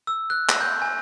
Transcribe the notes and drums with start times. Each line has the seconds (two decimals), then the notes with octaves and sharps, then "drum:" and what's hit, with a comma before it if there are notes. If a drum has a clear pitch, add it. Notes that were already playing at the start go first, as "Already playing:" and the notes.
0.07 E6
0.30 F#6
0.49 drum: clap
0.60 G6
0.82 G#5